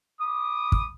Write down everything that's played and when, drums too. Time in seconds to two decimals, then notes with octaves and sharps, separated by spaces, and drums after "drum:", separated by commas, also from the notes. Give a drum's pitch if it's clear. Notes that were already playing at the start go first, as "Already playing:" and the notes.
0.21 B5 D6 D#6
0.72 drum: kick